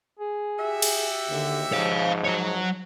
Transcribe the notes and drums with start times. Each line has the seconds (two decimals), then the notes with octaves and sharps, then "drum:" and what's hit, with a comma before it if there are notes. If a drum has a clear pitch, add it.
0.19 G#4
0.59 F#4 G4 E5
0.82 drum: cymbal
1.29 D#2 D3
1.73 G#2 F3 C#5 F5
2.25 F#3 C#5